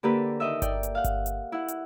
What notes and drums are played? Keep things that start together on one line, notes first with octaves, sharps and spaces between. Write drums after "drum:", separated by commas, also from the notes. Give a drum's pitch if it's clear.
D3 A#3 G4 A4 B4
D#3 D#5 E5
D5 G5, drum: kick G1, hi-hat
drum: hi-hat
F5 F#5
drum: kick G1, hi-hat
drum: hi-hat
E4 F#5
drum: hi-hat